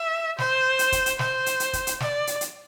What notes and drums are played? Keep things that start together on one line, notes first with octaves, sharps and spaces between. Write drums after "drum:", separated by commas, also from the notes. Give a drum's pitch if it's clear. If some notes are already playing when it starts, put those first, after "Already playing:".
Already playing: E5
C5, drum: snare
drum: hi-hat
drum: kick, hi-hat
drum: hi-hat
C5, drum: snare
drum: hi-hat
drum: hi-hat
drum: kick, hi-hat
drum: hi-hat
D5, drum: snare
drum: hi-hat
drum: hi-hat